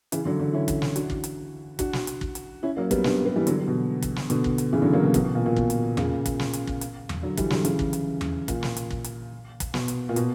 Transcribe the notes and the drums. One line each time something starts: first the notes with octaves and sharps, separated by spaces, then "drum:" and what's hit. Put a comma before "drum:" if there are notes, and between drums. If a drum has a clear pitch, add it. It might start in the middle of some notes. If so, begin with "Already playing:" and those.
C#3 E3, drum: hi-hat
D3 F#3
D3 F#3
C#4 E4
drum: kick, hi-hat
drum: snare
D4 F#4, drum: hi-hat
drum: kick
drum: hi-hat
D4 F#4, drum: kick, hi-hat
drum: snare
drum: hi-hat
drum: kick
drum: hi-hat
C#4 E4
F#3 A#3
G3 B3, drum: kick, hi-hat
B3 D4, drum: snare
G3 B3
E3 G3
D3 F#3, drum: hi-hat
B2
drum: kick, hi-hat
drum: snare
B2 D3, drum: hi-hat
drum: kick
drum: hi-hat
C#3 E3
D3 F#3
F#3 A#3
B2
B2, drum: kick, hi-hat
B2
A#2
A#2
B2, drum: kick
drum: hi-hat
A#2 C#3, drum: tom E2
drum: kick, hi-hat
drum: snare
drum: hi-hat
drum: kick
drum: hi-hat
drum: tom E2
D3 F#3
E3 G3, drum: kick, hi-hat
D3 F#3, drum: snare
C#3 E3, drum: hi-hat
drum: kick
drum: hi-hat
drum: tom E2
A#2, drum: kick, hi-hat
drum: snare
drum: hi-hat
drum: kick
drum: hi-hat
drum: kick, hi-hat
B2, drum: snare
drum: hi-hat
A#2
B2, drum: hi-hat